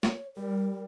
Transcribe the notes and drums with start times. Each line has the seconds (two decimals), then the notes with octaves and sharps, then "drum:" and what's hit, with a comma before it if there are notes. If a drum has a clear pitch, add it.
0.03 C#5, drum: snare
0.37 G3 A#4